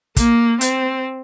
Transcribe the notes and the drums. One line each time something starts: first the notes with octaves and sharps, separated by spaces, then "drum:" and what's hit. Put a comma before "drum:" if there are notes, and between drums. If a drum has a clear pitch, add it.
A#3, drum: kick, hi-hat
C4, drum: hi-hat